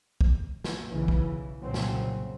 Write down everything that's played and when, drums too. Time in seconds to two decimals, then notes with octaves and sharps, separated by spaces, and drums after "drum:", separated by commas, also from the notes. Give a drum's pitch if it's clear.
0.21 drum: kick
0.64 drum: snare
0.86 B1 C#3 E3
1.08 drum: kick
1.61 C2 F#2 A#2 C#3 F#3 C4
1.74 drum: snare